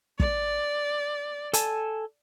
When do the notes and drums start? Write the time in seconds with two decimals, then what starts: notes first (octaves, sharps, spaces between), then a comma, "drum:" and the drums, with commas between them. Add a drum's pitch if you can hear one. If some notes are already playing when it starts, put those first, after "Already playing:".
0.20 D5, drum: kick
1.53 A4 G#5 A5, drum: hi-hat